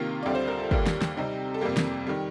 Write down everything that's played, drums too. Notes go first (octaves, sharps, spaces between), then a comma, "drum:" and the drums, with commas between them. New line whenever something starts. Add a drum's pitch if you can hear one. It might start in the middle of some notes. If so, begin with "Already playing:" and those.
Already playing: C3 D#3 A#3 F4
D2 D3 G3 C4 D5
C5
A#4
A4
D#2 D3 G3 A#3 G4, drum: kick
drum: snare
drum: snare
C3 G3 C4 D#4
A4
F2 C3 G3 A#3 G4
drum: snare
D#3 G3